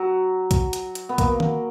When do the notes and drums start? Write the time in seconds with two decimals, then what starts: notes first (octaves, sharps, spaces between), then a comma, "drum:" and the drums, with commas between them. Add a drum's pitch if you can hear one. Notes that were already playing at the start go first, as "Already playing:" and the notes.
Already playing: F#3
0.51 drum: kick, hi-hat
0.73 drum: hi-hat
0.95 drum: hi-hat
1.09 B3
1.18 A#3, drum: kick, hi-hat
1.40 drum: tom D#3